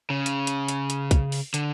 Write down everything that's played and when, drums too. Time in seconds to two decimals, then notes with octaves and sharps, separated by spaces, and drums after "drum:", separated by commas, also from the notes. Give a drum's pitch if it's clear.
0.10 C#3
0.26 drum: hi-hat
0.47 drum: hi-hat
0.68 drum: hi-hat
0.90 drum: hi-hat
1.11 drum: kick, hi-hat
1.32 drum: open hi-hat
1.54 D3, drum: hi-hat